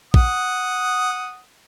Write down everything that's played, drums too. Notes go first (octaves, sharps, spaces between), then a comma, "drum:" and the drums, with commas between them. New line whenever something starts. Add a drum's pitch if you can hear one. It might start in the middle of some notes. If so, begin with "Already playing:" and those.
F#5 D#6, drum: kick